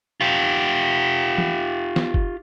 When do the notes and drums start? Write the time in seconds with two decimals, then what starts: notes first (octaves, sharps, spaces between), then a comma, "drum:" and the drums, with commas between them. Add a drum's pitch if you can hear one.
0.21 F4 G4
1.38 drum: tom E3
1.96 drum: snare
2.14 drum: kick F#1